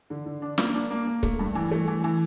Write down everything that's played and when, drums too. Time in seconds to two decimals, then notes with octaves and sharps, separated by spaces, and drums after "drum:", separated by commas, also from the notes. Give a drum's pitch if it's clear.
0.10 D3
0.26 D3
0.42 D4
0.58 A#3, drum: snare
0.74 D4
0.91 A#3
1.07 A#3
1.23 A3, drum: kick C#1
1.39 G2
1.55 E3
1.71 A3
1.87 E3
2.04 E3